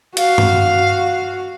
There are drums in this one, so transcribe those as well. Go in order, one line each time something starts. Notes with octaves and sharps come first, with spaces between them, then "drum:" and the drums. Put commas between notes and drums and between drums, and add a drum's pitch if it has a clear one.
F#4 F5, drum: hi-hat
drum: tom G2